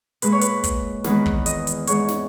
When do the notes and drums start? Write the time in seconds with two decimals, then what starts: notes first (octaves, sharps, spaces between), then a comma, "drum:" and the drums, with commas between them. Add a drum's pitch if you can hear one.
0.22 A#2 G#3 B4, drum: hi-hat
0.32 C#5
0.41 B4, drum: hi-hat
0.64 drum: kick, hi-hat
1.04 E2 D#3 G#3 B4, drum: snare
1.26 drum: kick
1.46 D#5, drum: hi-hat
1.67 drum: hi-hat
1.87 G#2 E3 G#3 C#5, drum: hi-hat
2.08 drum: snare